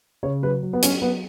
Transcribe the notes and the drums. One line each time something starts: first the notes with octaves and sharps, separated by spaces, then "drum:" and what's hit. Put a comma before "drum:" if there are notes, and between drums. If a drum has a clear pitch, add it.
C#3 C#5
F#3 B4
F#3
B3
F#3 C#4, drum: hi-hat
F#3 B3